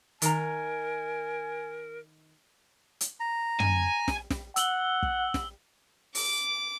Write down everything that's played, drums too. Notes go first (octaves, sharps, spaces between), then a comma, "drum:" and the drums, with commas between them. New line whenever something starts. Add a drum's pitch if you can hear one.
D#3 A#4 G#5 A#5, drum: hi-hat
drum: hi-hat
A#5
G#5, drum: tom
drum: snare
drum: snare
F#5 E6 F#7 G7, drum: hi-hat
drum: kick
drum: snare
D6, drum: open hi-hat